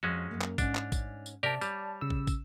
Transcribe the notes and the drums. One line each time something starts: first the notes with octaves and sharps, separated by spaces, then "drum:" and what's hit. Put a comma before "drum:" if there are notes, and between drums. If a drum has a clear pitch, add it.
F2 G#3 C#4 F#4
F#2 A#3
drum: clap
G#2 C#4 D4, drum: kick, tambourine
drum: clap
drum: kick, tambourine
drum: tambourine
C3 G4 A#4 D5 A5
G3 C#5, drum: tambourine
C#3 E6
drum: kick
drum: kick, tambourine